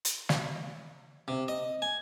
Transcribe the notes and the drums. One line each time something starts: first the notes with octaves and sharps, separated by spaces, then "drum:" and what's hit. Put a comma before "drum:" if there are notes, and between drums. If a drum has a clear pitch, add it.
drum: hi-hat
drum: snare
C3
D#5
G#5